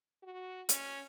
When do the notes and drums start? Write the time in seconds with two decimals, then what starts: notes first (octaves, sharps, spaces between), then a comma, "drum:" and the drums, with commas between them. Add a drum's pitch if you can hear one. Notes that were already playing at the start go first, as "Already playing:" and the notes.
0.23 F#4
0.69 C#4, drum: hi-hat